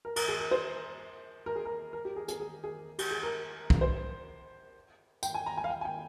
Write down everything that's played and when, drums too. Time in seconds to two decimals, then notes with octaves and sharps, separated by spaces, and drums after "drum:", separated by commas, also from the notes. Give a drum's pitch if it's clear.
0.05 A#4
0.16 A#4, drum: cymbal
0.28 G#4
0.40 A#4
0.51 C5
1.46 A#4
1.56 G#4
1.65 A#4
1.93 A#4
2.05 G4
2.16 G#4
2.28 G#4, drum: hi-hat
2.40 G#4
2.64 G#4
2.98 G4, drum: cymbal
3.11 G#4
3.23 A#4
3.70 drum: kick
3.81 C5
5.23 G5, drum: tambourine
5.34 G#5
5.46 A#5
5.57 G#5
5.64 F5
5.70 G5
5.81 G#5
5.85 G5